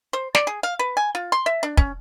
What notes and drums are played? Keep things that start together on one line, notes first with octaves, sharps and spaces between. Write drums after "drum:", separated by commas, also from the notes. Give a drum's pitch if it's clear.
C5
D5, drum: snare
G#4
F5
B4
G#5
F4
C6
E5
D4
C#4, drum: kick